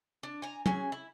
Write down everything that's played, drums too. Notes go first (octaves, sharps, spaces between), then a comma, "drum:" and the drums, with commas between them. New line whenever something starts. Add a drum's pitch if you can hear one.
D4
G#5 A#5
F#3 C#4 G#4 G#5, drum: tom
E4